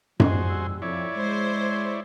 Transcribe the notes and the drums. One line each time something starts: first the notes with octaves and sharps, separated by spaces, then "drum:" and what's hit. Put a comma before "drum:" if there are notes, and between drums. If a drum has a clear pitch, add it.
F#2 A2 F3 F#4 G#4 C5, drum: tom F#2
E2 G3 E6
F2 E4 C#5 D5 G#6
G#3 C5